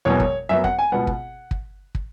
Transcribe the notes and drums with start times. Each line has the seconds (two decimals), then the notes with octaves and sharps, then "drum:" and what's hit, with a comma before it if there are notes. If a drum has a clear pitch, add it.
0.05 E1 E2 B2 F#3 B3 C#5
0.20 drum: kick
0.49 F#2 F#3 B3 E5
0.64 F#5, drum: kick
0.79 G#5
0.92 C#2 B2 B3 F#5
1.07 drum: kick
1.51 drum: kick
1.95 drum: kick